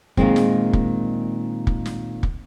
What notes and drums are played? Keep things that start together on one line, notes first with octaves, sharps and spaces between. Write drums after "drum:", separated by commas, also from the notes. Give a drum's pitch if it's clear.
A#2 D#3 G#3 C4, drum: kick
drum: snare
drum: kick
drum: kick
drum: snare
drum: kick